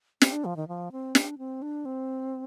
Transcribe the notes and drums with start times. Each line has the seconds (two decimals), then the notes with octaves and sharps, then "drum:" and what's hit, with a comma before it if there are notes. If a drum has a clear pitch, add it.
0.21 C4, drum: snare
0.32 D4
0.45 F3
0.56 D#3
0.68 F3
0.92 C4
1.15 D4, drum: snare
1.38 C4
1.62 D4
1.85 C4